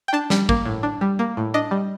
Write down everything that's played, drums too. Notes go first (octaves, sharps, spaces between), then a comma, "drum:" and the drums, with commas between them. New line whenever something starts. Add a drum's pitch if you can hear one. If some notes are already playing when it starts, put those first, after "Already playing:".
G5
D4 A5
G3, drum: snare
A#3, drum: kick
A2
D4
G3
A#3
A2
D4 D#5
G3